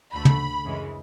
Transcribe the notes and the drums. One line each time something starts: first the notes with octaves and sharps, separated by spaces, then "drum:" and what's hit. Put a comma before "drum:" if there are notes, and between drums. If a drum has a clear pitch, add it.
D2 D3 A3 B5
drum: tom
F#2 C#3 E3 G#3